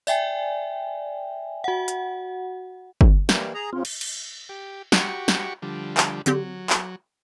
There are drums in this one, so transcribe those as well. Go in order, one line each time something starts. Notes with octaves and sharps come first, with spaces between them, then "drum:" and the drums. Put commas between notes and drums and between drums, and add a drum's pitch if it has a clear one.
D5 E5 G5 G#5, drum: tambourine
F#4 F#5
drum: hi-hat
drum: kick G1
E3 G3 A#3, drum: snare
G#4 A#5
C#3 C4 F4
drum: cymbal
drum: cymbal
G4
F#4 G4 C#6, drum: snare
drum: snare
D3 F3 G3
drum: clap
D3 F#3 C4 G4, drum: hi-hat
drum: clap